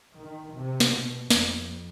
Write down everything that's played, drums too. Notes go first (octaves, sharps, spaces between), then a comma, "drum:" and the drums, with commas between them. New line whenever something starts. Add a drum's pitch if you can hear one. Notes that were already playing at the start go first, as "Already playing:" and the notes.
D#3
C3
drum: snare
B2
F2, drum: snare